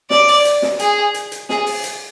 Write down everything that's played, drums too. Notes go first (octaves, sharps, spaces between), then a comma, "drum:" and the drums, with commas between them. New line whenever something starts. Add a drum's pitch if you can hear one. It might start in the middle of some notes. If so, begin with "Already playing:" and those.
D5, drum: snare
drum: open hi-hat
drum: hi-hat
drum: snare
G#4, drum: hi-hat
drum: hi-hat
drum: hi-hat
G#4, drum: snare
drum: open hi-hat
drum: hi-hat